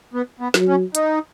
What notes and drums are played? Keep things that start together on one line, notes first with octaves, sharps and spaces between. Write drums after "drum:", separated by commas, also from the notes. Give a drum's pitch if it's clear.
B3
B3
F#3, drum: snare
C#4
D#4, drum: hi-hat